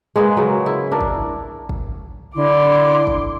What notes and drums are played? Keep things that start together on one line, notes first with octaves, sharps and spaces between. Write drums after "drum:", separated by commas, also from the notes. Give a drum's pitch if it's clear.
G#3 A#3 G#4 B4
C#3 F#3
E4
D4 A#4
drum: kick
drum: kick
D3 E4 C6 D6
drum: kick